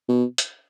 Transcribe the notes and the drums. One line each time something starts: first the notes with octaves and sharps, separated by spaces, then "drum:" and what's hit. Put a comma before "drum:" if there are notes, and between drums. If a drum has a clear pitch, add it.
B2
drum: hi-hat